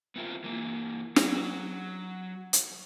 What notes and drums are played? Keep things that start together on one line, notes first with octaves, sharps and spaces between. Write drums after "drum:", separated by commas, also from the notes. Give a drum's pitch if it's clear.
B3 C4 E4 F4 A#4
E3 A#3
F#3, drum: snare
drum: hi-hat